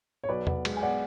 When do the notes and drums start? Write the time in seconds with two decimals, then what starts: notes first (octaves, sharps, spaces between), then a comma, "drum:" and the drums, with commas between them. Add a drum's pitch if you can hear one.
0.24 C#5
0.29 B1 B4 D5
0.47 B3, drum: tom E2
0.65 G#3, drum: cymbal
0.77 G#5
0.82 B3 D5 F#5